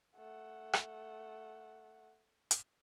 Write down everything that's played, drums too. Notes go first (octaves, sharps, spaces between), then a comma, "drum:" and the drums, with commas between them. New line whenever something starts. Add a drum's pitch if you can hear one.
A3 F#5
drum: rim click
drum: hi-hat